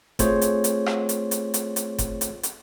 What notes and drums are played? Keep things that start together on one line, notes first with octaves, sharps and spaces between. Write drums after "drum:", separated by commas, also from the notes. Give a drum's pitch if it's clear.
A3 C4 F4 G#4 C5 C#5, drum: kick F#1, hi-hat
drum: hi-hat
drum: hi-hat
drum: rim click
drum: hi-hat
drum: hi-hat
drum: hi-hat
drum: hi-hat
drum: kick F#1, hi-hat
drum: hi-hat
drum: hi-hat